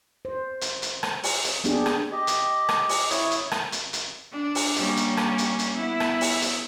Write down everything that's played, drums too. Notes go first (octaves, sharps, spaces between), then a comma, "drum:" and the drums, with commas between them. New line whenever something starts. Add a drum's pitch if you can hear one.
C5
drum: hi-hat
drum: hi-hat
drum: rim click
drum: open hi-hat
drum: hi-hat
A#3 B3 D4 G4 G#4, drum: hi-hat
drum: rim click
G4 D#5
drum: hi-hat
drum: rim click
drum: open hi-hat
E4 C#5 D#6, drum: hi-hat
drum: hi-hat
drum: rim click
drum: hi-hat
drum: hi-hat
D4
drum: open hi-hat
G3 A#3 C#4, drum: hi-hat
drum: hi-hat
drum: rim click
drum: hi-hat
drum: hi-hat
B3 E4
drum: rim click
drum: open hi-hat
drum: hi-hat